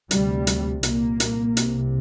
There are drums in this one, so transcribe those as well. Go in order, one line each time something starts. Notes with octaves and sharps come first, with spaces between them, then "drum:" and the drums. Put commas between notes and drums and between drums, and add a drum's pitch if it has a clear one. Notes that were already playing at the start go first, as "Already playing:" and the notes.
D2 C3 G3, drum: hi-hat
drum: hi-hat
C2 A#2 A#3, drum: hi-hat
drum: hi-hat
C2 C3, drum: hi-hat